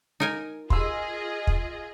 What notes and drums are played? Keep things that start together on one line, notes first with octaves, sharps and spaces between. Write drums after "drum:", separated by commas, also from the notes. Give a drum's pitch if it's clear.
D#4 A#4 G#5
F4 G#4 D#5 C6 E6, drum: kick
drum: kick